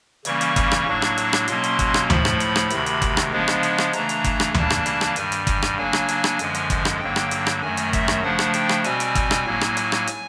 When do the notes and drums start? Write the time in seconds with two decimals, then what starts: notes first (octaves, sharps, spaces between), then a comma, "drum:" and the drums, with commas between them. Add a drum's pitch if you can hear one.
0.25 C#3 E3 G3 A#3 C#4 C#6, drum: hi-hat
0.41 drum: hi-hat
0.56 drum: kick, hi-hat
0.71 drum: rim click
0.87 A2 F#3 A#3 D4
1.02 drum: rim click
1.17 drum: hi-hat
1.33 drum: rim click
1.48 B2 F#3 A#3 C#4 C6, drum: hi-hat
1.64 drum: hi-hat
1.79 drum: kick, hi-hat
1.94 drum: rim click
2.10 A2 F3 A3 B5, drum: tom D2
2.25 drum: rim click
2.40 drum: hi-hat
2.56 drum: rim click
2.70 D2 C3 D#3, drum: hi-hat
2.86 drum: hi-hat
3.02 drum: kick, hi-hat
3.17 drum: rim click
3.32 C#3 F3 G#3 B3 D4
3.48 drum: rim click
3.63 drum: hi-hat
3.78 drum: rim click
3.93 C#3 E3 A3 D4 A#5, drum: hi-hat
4.09 drum: hi-hat
4.24 drum: kick, hi-hat
4.40 drum: rim click
4.54 C#3 E3 G3 A#3 D4 A5, drum: tom D2
4.70 drum: rim click
4.86 drum: hi-hat
5.01 drum: rim click
5.16 G2 D#3 G3 G#5, drum: hi-hat
5.32 drum: hi-hat
5.47 G#5, drum: kick, hi-hat
5.62 drum: rim click
5.77 C#3 F#3 A#3 D4 G#5
5.93 drum: rim click
6.08 drum: hi-hat
6.24 drum: rim click
6.39 F#2 D3 F3 G#3, drum: hi-hat
6.54 drum: hi-hat
6.70 drum: kick, hi-hat
6.85 drum: rim click
7.00 G2 D3 F#3 A#3 G5
7.16 drum: rim click
7.31 drum: hi-hat
7.47 drum: rim click
7.62 F#2 D#3 F#3 A3 G#5
7.77 drum: hi-hat
7.93 E5, drum: kick, hi-hat
8.08 drum: rim click
8.23 C#3 F3 A3 D4 F#5
8.39 drum: rim click
8.54 G5, drum: hi-hat
8.69 drum: rim click
8.84 B2 G3 C4 G#5, drum: hi-hat
9.00 drum: hi-hat
9.15 drum: kick, hi-hat
9.31 drum: rim click
9.46 A2 F#3 A#3
9.61 drum: rim click
9.77 drum: hi-hat
9.92 drum: rim click
10.07 drum: hi-hat